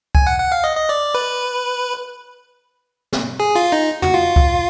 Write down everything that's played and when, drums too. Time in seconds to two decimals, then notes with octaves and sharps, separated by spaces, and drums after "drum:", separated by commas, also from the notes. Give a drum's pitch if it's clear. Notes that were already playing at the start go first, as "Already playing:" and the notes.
0.15 G#5, drum: kick C2
0.27 F#5
0.39 F#5
0.52 F5
0.64 D#5
0.77 D#5
0.89 D5
1.15 B4
3.13 drum: snare
3.40 G#4
3.55 F4, drum: open hi-hat
3.72 D#4
4.02 F#4, drum: tom
4.14 F4
4.36 drum: kick C2